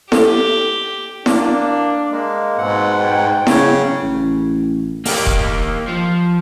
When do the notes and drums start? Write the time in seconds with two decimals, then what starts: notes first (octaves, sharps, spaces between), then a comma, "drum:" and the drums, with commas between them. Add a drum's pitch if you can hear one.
0.12 G4 A4, drum: snare E4
1.26 A#3 D4, drum: snare E4
2.12 G#3 A#3
2.58 G#2 B2 C4 F#5
3.00 G5
3.47 C#3 F#3 C#5, drum: snare E4
4.02 A1
5.06 A#3 G4, drum: open hi-hat
5.26 drum: kick D#1
5.88 F3